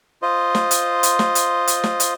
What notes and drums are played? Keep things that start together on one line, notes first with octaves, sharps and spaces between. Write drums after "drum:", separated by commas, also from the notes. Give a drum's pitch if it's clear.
F4 C5 D#5
drum: snare
drum: hi-hat
drum: hi-hat
drum: snare
drum: hi-hat
drum: hi-hat
drum: snare
drum: hi-hat